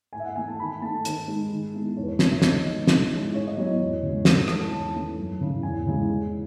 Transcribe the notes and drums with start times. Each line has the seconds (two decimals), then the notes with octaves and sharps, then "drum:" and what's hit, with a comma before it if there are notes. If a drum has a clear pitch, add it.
0.13 A2 G#5
0.19 E5
0.24 F#5
0.36 E3 A3 G#5
0.48 A5
0.59 D#3 B5
0.82 A3 D#4 A5
1.05 D#3, drum: hi-hat
1.27 G#3 D#4
1.51 D#3
1.73 G#3 B3 E4
1.96 E2 C#5
2.03 B4
2.07 C#5
2.19 B2 A3 C#4 E4 C#5, drum: snare
2.31 E5
2.42 D#3 D#5, drum: snare
2.65 G#3 B3 D#4
2.87 D#3, drum: snare
3.11 G#3 C#4 E4
3.34 A2 C#5
3.47 D#5
3.57 F#3 B3 E4 C#5
3.79 E2
4.03 C#3 G#3
4.25 A2 B4, drum: snare
4.48 E3 G#3 D#4 C#5, drum: rim click
4.61 A5
4.72 E2 A5
4.94 D#3 A3 C#4 E4
5.17 F#2
5.41 C#3 E3
5.63 E2 G#5
5.86 C#3 E3 G#3
6.09 E2